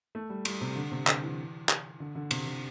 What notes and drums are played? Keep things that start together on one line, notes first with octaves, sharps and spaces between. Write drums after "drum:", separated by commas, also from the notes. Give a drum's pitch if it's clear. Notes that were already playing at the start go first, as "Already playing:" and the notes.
A3
G3
G3, drum: cymbal
C3
D3
C3
D3, drum: clap
E3
drum: clap
D3
D3
C3, drum: cymbal
D3